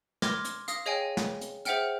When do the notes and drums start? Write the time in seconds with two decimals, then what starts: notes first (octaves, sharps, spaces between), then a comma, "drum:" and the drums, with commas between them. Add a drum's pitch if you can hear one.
0.22 C6 D6 F6 G#6 A#6, drum: snare
0.45 drum: hi-hat
0.68 F5 D#6 A#6, drum: hi-hat
0.86 G#4 C#5 D#5 F5 G5 G#5
1.17 drum: snare
1.41 drum: hi-hat
1.65 G#4 C5 E5 F#5 G5 F6, drum: hi-hat